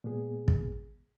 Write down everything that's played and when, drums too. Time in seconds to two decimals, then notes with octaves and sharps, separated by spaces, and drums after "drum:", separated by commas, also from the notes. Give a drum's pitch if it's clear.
0.04 A#2 G#3 B3 G#4
0.48 drum: kick